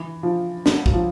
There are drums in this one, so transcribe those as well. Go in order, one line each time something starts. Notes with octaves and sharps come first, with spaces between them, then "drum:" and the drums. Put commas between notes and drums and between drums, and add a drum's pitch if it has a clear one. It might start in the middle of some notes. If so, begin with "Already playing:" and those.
Already playing: E3
F3
F#3, drum: snare
F#3, drum: kick
F3